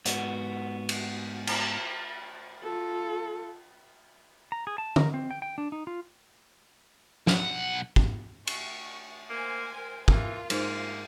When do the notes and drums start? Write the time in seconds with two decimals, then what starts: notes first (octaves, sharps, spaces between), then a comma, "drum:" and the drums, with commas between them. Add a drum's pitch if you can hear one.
0.05 G#2 B3 F#4, drum: hi-hat
0.89 drum: cymbal
1.47 drum: cymbal
2.64 F4 A4
4.52 A#5
4.67 G#4
4.78 A5
4.96 A#4, drum: tom
5.14 C4
5.31 G5
5.42 G5
5.58 D4
5.72 D#4
5.87 F4
7.27 B1 F#5, drum: snare
7.96 drum: kick
8.47 C#6, drum: cymbal
9.30 A#3 C5 G#5
9.77 A#4
10.08 E3 F4 A#4, drum: kick
10.50 G#2 A#3, drum: cymbal